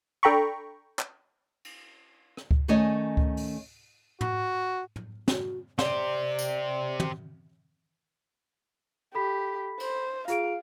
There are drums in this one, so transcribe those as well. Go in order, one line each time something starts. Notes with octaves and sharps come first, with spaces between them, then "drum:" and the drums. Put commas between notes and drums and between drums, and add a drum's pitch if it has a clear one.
D4 A4 G5 A#5 B5 C#6
drum: clap
drum: cymbal
drum: rim click
drum: kick C#2
D#3 A3 C#4 C#5 D#5 G#5
drum: kick C#2
drum: open hi-hat
F#4, drum: tom
drum: tom
F#4, drum: snare
G4 C5 D5, drum: snare
drum: tambourine
drum: tom
G4 A4 B5 B6
C5, drum: cymbal
F4 G#4 F5 D7, drum: hi-hat